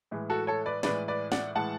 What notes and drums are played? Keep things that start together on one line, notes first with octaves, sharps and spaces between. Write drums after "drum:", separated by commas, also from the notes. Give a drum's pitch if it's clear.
A2 E3 G#3
F#4 A4
A4 C#5
B4 D5
A2 E3 G#3 B4 D5, drum: snare
B4 D5
D5 F#5, drum: snare
A2 E3 G#3 F#5 A5